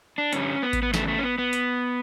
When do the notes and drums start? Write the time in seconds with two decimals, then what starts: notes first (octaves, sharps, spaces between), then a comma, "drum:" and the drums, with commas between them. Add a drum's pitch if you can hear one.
0.18 D4
0.33 G2 D3 G3 C#4, drum: hi-hat
0.63 B3
0.73 drum: kick A1, hi-hat
0.82 B3
0.94 E2 C#3 A3, drum: snare
1.08 A3
1.18 C#4
1.23 B3
1.38 B3
1.53 drum: hi-hat